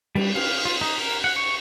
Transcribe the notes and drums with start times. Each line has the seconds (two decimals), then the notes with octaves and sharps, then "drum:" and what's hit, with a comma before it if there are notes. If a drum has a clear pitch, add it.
0.15 G3, drum: cymbal
0.35 F5, drum: cymbal
0.65 F4
0.81 D#4
0.98 A#4
1.24 F#5
1.36 C#6